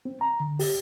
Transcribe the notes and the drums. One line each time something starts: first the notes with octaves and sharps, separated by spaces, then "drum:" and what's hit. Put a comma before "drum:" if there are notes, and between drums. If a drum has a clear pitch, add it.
C4
A#5
D3
G4, drum: open hi-hat